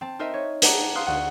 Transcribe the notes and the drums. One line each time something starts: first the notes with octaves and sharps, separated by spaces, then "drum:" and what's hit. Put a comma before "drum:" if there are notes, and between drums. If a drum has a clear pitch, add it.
C4 A5
D#4 A#4 C5 D#5 E5
C#5
G4 G#4 F#5 A5 A#5 D6, drum: hi-hat
F5 C6 D#6 F6 F#6
D2 F#4 F#5